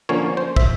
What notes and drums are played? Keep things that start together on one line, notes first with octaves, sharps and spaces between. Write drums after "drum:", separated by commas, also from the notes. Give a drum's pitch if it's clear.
D3 F3 A#3 C#4 C#5
C5
E5, drum: kick